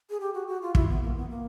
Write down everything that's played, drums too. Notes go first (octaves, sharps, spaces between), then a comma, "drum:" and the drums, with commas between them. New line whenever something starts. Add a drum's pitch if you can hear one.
G#4
G4
F#4
F#4
F4
E4, drum: kick
B3
A#3
B3
A#3